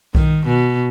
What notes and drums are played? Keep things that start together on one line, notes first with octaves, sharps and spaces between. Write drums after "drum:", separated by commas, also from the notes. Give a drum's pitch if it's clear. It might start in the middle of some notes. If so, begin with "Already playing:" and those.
D#3, drum: kick B1
B2